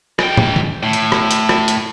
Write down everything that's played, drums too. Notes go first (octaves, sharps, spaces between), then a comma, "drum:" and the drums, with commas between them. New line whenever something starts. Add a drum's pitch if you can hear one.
G#3 G5, drum: rim click
drum: tom
drum: tom D#3
A2
drum: hi-hat
drum: rim click
drum: hi-hat
drum: rim click
drum: hi-hat